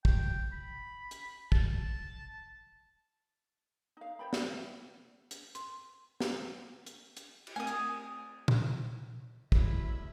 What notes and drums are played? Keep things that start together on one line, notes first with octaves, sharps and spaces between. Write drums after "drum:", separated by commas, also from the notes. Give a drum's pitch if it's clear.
G5, drum: kick
B5
drum: hi-hat
A5, drum: kick
D#4 F5
C5 D5 G5 B5
C#5 E5, drum: snare
drum: hi-hat
C6, drum: hi-hat
drum: snare
drum: hi-hat
drum: hi-hat
drum: cymbal
A3 C4 A#4 G#5 D#6
drum: hi-hat
drum: tom A#2
F1 E3 F#3 G#3 C#4 E4 E5 B5, drum: kick